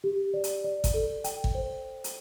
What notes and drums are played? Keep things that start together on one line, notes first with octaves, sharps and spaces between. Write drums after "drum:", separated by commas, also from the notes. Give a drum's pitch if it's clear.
G4
D5
drum: hi-hat
D5
drum: kick G#1, hi-hat
A4
G5, drum: hi-hat
drum: kick G#1
C5
drum: hi-hat